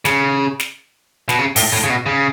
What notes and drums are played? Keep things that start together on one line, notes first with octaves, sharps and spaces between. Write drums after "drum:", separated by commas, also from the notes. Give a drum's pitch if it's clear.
C#3, drum: snare
drum: snare
B2, drum: snare
C#3
A2, drum: open hi-hat
A2
C#3
B2
C#3